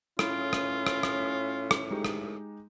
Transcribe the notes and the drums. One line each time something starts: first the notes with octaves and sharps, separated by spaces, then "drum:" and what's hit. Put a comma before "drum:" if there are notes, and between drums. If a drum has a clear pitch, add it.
A2 C#4 E4 F4, drum: rim click
drum: rim click
drum: rim click
drum: rim click
drum: rim click
G#3 D#4 G4
drum: rim click